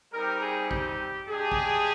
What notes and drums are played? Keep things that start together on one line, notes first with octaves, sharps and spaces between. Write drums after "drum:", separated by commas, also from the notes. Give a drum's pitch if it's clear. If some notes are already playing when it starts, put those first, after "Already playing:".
G3 C4 D#4 G4 A#4
G#4
G4, drum: kick A1
G#3 D4 G4 G#4
drum: kick A1